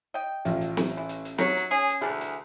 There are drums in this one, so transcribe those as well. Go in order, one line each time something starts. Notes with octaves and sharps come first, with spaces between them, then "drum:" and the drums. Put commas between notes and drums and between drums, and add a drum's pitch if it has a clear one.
D#5 G5
A1 F4, drum: hi-hat
drum: hi-hat
drum: snare
E3
drum: hi-hat
drum: hi-hat
F#3 D#4 A#4 C#5, drum: snare
drum: hi-hat
C#4 G#4, drum: hi-hat
drum: hi-hat
D2 E3 D4 G#4
drum: hi-hat